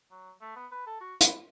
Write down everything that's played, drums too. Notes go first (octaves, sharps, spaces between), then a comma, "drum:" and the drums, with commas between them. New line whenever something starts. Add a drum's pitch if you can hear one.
F#3
A3
B3
B4
A4
F#4
B4, drum: hi-hat